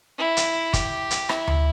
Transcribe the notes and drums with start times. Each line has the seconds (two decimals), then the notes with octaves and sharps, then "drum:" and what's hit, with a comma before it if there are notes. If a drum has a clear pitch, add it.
0.18 E4
0.37 drum: hi-hat
0.73 G4, drum: kick, hi-hat
1.11 drum: hi-hat
1.29 E4, drum: rim click
1.47 drum: tom D2